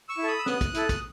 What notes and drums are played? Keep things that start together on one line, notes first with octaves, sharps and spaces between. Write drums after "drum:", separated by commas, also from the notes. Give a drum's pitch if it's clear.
C#6 E6
E4
A4 B5 D#6
E6
B3 D#6 F#6, drum: snare
drum: kick, hi-hat
E4 A4, drum: hi-hat
drum: kick, hi-hat